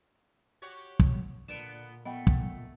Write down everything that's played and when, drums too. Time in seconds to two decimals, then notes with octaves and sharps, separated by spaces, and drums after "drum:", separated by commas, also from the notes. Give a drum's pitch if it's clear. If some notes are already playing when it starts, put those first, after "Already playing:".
0.62 F#4 G4 C#5
1.00 drum: kick
1.48 A#2 D3 B3 D7 E7
2.06 A3 B3 D#5 F#5 G5
2.27 drum: kick